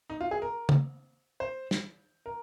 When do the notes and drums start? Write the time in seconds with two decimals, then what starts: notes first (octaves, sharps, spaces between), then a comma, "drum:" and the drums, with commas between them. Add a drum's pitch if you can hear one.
0.10 D#4
0.21 F4
0.31 G#4
0.42 A#4
0.69 drum: tom
1.40 C5
1.71 drum: snare
2.26 A#4